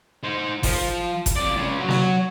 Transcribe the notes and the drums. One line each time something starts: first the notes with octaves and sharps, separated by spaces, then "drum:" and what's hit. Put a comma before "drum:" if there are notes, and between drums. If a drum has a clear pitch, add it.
D#4 C5
F3, drum: kick G1, open hi-hat
drum: kick G1, hi-hat
F2 D5
C#3 G#3
F#3 F#4
drum: snare